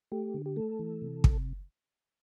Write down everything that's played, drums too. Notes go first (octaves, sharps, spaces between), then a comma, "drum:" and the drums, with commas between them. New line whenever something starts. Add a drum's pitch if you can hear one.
A3 G4
D3
G4
A3 A4
E3
C3
drum: kick